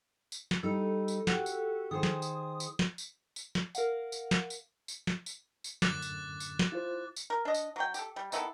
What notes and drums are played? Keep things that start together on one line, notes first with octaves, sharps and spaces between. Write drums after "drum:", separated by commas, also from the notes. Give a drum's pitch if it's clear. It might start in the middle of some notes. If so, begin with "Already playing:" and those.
drum: tambourine
drum: snare
G3 D#4 A4
drum: tambourine
F#4 G4, drum: snare
drum: tambourine
D#3 G#4 C5 D#6
drum: snare
drum: tambourine
drum: tambourine
drum: snare
drum: tambourine
drum: tambourine
drum: snare
A#4 F5 F#5, drum: tambourine
drum: tambourine
drum: snare
drum: tambourine
drum: tambourine
drum: snare
drum: tambourine
drum: tambourine
F#2 A2 D3 D6 F#6 A6, drum: snare
drum: tambourine
drum: tambourine
drum: snare
E4 F4 C5
drum: tambourine
A#4
D4 D#5
drum: tambourine
F#3 G5
G4 A4, drum: tambourine
G3
D#3 B3 E4 A4, drum: tambourine